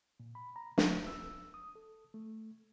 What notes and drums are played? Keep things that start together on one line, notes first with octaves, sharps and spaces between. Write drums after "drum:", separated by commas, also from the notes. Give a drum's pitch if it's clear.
A#2
B5
A#5
A3, drum: snare
E6
D#6
A4
A3